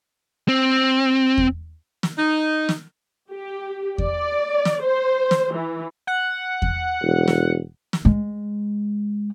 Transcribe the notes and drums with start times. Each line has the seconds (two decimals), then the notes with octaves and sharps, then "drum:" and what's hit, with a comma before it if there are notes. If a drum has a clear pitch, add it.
0.49 C4
1.38 drum: kick E2
2.03 drum: snare
2.18 D#4
2.69 drum: snare
3.31 G4
3.98 D5, drum: kick E2
4.65 drum: snare
4.83 C5
5.31 drum: snare
5.53 E3
6.07 F#5
6.62 drum: kick E2
7.02 E1
7.28 drum: snare
7.93 drum: snare
8.05 G#3